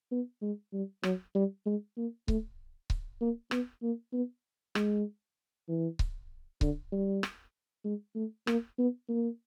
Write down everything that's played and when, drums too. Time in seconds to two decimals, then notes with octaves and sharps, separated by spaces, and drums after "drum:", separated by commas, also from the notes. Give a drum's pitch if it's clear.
0.12 B3
0.42 G#3
0.73 G3
1.03 F#3, drum: rim click
1.35 G3
1.66 G#3
1.97 A#3
2.28 A3, drum: kick C#1
2.90 drum: kick C#1
3.21 A#3
3.51 B3, drum: rim click
3.83 A#3
4.13 B3
4.75 G#3, drum: rim click
5.69 E3
5.99 drum: kick C#1
6.61 D3, drum: kick C#1
6.92 G3
7.23 drum: rim click
7.84 G#3
8.15 A3
8.47 A#3, drum: rim click
8.78 B3
9.09 A#3